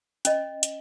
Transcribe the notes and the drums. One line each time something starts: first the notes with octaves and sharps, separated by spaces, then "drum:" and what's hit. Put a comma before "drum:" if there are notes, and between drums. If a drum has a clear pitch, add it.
C#4 D#5, drum: hi-hat
drum: hi-hat